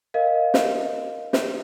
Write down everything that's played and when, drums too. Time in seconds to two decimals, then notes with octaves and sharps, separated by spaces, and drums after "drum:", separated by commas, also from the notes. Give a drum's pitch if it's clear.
0.14 A#4 D#5 F5
0.54 drum: snare
1.33 drum: snare